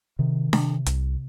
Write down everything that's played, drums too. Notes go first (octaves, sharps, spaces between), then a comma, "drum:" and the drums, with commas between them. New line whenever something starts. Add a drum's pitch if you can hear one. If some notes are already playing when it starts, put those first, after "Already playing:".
C3 D#3
C3, drum: snare D4
C2, drum: hi-hat